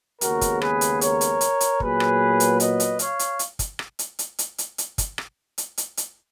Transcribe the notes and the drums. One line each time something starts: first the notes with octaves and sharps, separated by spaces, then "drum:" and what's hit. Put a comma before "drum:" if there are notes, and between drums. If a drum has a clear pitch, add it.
D#2 C#3 G#3 B3 F#4 A#4, drum: hi-hat
drum: kick, hi-hat
G#4 B4, drum: rim click
drum: hi-hat
A#4 C#5, drum: hi-hat
drum: hi-hat
drum: hi-hat
drum: hi-hat
A#2 F#3 B3 G#4 B4, drum: kick
drum: rim click
drum: hi-hat
B4 D#5, drum: hi-hat
drum: hi-hat
C#5 F5, drum: hi-hat
drum: hi-hat
drum: hi-hat
drum: kick, hi-hat
drum: rim click
drum: hi-hat
drum: hi-hat
drum: hi-hat
drum: hi-hat
drum: hi-hat
drum: kick, hi-hat
drum: rim click
drum: hi-hat
drum: hi-hat
drum: hi-hat